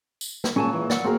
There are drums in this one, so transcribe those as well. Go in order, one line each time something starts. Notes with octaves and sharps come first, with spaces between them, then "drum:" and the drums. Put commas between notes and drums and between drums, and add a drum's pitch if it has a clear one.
drum: tambourine
drum: snare
A#2 F#3 G#3 C#4 G#5 A5
E3
D5 F#5 E6, drum: snare
A#3 C4 F#4 G#4 A#4